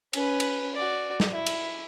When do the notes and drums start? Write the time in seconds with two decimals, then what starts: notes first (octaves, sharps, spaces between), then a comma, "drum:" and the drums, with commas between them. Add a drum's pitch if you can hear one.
0.13 C#4 B4, drum: cymbal
0.40 drum: cymbal
0.75 F#4 D5
1.20 drum: snare
1.32 E4
1.46 drum: cymbal